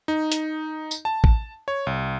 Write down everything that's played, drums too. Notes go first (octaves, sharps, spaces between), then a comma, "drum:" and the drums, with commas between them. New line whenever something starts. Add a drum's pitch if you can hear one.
D#4
drum: hi-hat
drum: tambourine
A5
drum: kick A1
C#5
C2